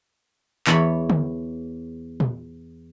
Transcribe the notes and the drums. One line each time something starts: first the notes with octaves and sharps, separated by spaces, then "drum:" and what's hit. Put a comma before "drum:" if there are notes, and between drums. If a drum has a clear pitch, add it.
E2 C#5 B5, drum: clap
drum: tom D3
drum: tom A#2